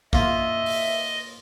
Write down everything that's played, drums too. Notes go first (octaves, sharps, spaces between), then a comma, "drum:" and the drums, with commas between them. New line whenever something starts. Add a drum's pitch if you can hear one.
A#3 F4 D#5 E5, drum: kick
drum: open hi-hat